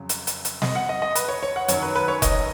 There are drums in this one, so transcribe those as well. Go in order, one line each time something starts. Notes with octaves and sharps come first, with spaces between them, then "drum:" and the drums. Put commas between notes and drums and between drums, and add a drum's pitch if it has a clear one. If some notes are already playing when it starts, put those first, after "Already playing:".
Already playing: F2 C#3 F#3
drum: hi-hat
drum: hi-hat
drum: hi-hat
D#5, drum: snare
F#5
D#5
D#5
B4, drum: hi-hat
C#5
C#5
F#5
F#2 D#3 F#3 C#5, drum: hi-hat
B4
B4
C#5
D#5, drum: kick F1, hi-hat